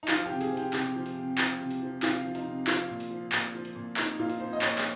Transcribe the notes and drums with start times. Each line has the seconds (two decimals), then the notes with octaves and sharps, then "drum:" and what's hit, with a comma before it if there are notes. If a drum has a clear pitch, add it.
0.03 D#4
0.08 F3 F4, drum: clap
0.25 C3 G4
0.41 G#4, drum: hi-hat
0.52 F3
0.57 G4, drum: hi-hat
0.73 C3 G4, drum: clap
0.95 F3
1.06 drum: hi-hat
1.17 C3
1.38 F3, drum: clap
1.60 C3
1.71 drum: hi-hat
1.82 F3
2.03 C3 F4, drum: clap
2.24 F3
2.35 D#4, drum: hi-hat
2.46 C3
2.67 F3 F4, drum: clap
2.90 A#2
3.00 drum: hi-hat
3.10 F3
3.32 A#2, drum: clap
3.55 F3
3.65 drum: hi-hat
3.75 A#2
3.97 F3 D#4, drum: clap
4.18 A#2 F4
4.30 drum: hi-hat
4.40 F3 C5
4.53 D#5
4.62 A#2 C#5, drum: clap
4.78 drum: clap